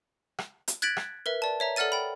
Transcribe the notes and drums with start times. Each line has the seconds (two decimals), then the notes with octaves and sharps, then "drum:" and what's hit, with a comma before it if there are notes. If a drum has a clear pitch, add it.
0.39 drum: rim click
0.68 drum: hi-hat
0.82 F#6 G#6 A6 B6 D7 F#7
0.97 drum: rim click
1.26 A#4 B4 E5
1.42 D5 A5
1.60 C#5 E5 A#5
1.76 A4 D5 F#5 F6 A6 D#7
1.92 G5 B5